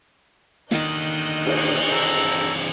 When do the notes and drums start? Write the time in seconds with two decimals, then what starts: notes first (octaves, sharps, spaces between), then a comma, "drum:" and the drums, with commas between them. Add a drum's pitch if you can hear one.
0.71 D#2 D3 D#3 D#5 F#6 G6, drum: snare
1.46 D#6, drum: cymbal
1.91 E3 C4 A4 A#5